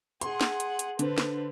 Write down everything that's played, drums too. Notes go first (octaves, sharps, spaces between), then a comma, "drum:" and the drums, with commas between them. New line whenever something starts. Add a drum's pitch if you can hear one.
G#4 F#5 C6, drum: hi-hat
drum: snare
drum: hi-hat
drum: hi-hat
D3 B4 C5, drum: hi-hat
drum: snare